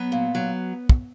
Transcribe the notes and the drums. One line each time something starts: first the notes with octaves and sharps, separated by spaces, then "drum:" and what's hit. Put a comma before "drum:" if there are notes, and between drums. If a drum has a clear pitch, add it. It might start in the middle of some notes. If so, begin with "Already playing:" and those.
Already playing: F#3 B3
A#2
F#3
drum: kick